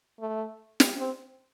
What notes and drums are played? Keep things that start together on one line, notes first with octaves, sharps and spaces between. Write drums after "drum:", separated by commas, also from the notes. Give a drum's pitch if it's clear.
A3
drum: snare
C4